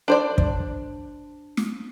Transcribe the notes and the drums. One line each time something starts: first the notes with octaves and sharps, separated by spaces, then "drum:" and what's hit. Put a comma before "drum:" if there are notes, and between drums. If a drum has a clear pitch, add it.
D4 C5 D5
drum: kick
drum: snare